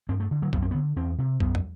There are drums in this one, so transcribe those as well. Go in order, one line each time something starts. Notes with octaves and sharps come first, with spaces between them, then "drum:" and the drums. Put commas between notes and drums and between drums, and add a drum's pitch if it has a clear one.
G2 C4
A3
D3
F#3
F#2 B3, drum: kick B1
C4
B3
D3
E2 C4
C3
F#2 B3, drum: kick B1
drum: tom